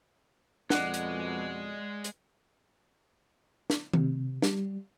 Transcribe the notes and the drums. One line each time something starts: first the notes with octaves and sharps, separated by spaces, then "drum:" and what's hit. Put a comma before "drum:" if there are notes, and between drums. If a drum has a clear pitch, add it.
F2 B2 G#3 D5 F#5, drum: snare
drum: hi-hat
drum: hi-hat
drum: snare
C3, drum: tom D#3
G3, drum: snare